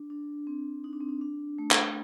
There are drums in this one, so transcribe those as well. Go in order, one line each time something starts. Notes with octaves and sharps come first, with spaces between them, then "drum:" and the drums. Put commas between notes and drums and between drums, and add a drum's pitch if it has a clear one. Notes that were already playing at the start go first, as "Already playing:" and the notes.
Already playing: D4
D4
C4
D#4
D4
C4
D4
D4
A3
drum: clap
A3